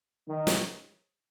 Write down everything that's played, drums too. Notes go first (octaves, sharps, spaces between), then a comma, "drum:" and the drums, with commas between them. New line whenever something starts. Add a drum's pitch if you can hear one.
D#3
drum: snare